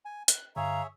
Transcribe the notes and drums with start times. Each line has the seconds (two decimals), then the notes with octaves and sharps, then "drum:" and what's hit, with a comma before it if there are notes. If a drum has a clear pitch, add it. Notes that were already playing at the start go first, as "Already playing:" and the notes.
0.05 G#5
0.28 F#6, drum: hi-hat
0.56 G2 D3 G#4 C#5 E5 F5 A#5